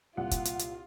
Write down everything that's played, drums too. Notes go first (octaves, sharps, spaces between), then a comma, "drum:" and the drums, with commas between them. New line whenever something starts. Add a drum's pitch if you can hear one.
C2 A#2 F4 F#5
drum: kick, hi-hat
drum: hi-hat
drum: hi-hat